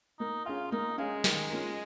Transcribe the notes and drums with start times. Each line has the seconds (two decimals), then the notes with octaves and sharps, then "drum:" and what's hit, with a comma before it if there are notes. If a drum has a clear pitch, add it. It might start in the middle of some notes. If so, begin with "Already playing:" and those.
0.19 A#3 D#4
0.45 C#4 F4 G#4 F5
0.72 A#3 D#4
0.98 G#3 C#4 G#4 F5
1.24 D#3, drum: snare
1.50 A#3 C#4 F4 A#4